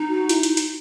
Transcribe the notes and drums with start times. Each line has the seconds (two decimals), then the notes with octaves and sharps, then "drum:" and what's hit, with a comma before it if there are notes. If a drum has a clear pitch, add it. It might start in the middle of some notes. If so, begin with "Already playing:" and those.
Already playing: D#4
0.09 F#4
0.29 E4, drum: hi-hat
0.43 drum: hi-hat
0.57 drum: hi-hat